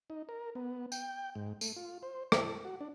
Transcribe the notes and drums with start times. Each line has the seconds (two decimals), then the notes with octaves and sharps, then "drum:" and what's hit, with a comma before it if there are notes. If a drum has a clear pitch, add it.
0.10 D#4
0.29 A#4
0.55 B3
0.92 G5, drum: tambourine
1.35 G#2
1.61 A3, drum: tambourine
1.76 F4
2.03 C5
2.32 A4, drum: rim click
2.65 F#4
2.81 D4